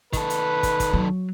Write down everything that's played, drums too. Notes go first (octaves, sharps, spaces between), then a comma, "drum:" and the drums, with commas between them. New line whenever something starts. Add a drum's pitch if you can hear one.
D#3 A4 B4, drum: kick, hi-hat
drum: hi-hat
drum: kick, hi-hat
drum: kick, hi-hat
F#3